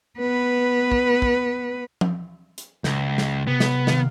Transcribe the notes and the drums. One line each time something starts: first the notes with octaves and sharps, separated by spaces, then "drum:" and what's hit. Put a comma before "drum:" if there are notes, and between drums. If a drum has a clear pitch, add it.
B3 B4
drum: kick
drum: kick
drum: tom F3
drum: hi-hat
C#2 G6 A#6, drum: snare
drum: snare
C3 B3
drum: snare
D#3 F5, drum: snare